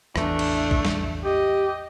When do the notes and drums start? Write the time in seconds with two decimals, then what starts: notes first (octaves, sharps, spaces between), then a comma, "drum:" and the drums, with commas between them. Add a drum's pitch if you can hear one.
0.16 A1 E2 E3 A3 D4, drum: rim click
0.39 drum: cymbal
0.71 drum: kick
0.85 drum: snare
1.24 G4 D#5